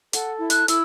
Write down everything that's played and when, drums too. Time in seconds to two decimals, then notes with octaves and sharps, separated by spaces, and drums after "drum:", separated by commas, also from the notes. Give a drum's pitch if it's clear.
0.13 A4 F#5, drum: hi-hat
0.41 E4
0.50 F#6, drum: hi-hat
0.68 E4 E6, drum: hi-hat